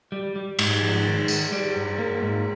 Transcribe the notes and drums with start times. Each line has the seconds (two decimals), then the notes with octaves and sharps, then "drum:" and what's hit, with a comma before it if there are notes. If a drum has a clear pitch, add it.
0.12 G3
0.36 G3
0.59 G#2, drum: cymbal
0.82 F3
1.06 D#3
1.28 G#3, drum: tambourine
1.52 G3
1.76 G2
1.98 A#3
2.22 G#2